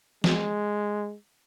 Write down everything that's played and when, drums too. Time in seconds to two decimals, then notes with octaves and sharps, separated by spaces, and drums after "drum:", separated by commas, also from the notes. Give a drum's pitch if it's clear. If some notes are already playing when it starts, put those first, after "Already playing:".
0.24 G#3, drum: snare